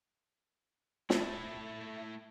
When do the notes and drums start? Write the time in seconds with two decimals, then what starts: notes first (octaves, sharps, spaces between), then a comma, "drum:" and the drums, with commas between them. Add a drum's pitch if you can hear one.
1.10 A3 E4, drum: snare